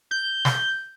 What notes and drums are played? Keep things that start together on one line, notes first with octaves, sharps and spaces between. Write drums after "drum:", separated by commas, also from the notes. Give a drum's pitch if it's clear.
G6
drum: snare